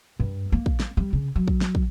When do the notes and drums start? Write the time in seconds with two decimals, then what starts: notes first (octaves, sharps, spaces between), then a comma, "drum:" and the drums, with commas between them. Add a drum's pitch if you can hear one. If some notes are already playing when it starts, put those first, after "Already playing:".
0.19 G2
0.52 A#3
0.66 drum: kick
0.80 drum: snare
0.97 G3
1.13 C#3
1.36 F#3
1.48 drum: kick
1.61 drum: snare
1.75 drum: kick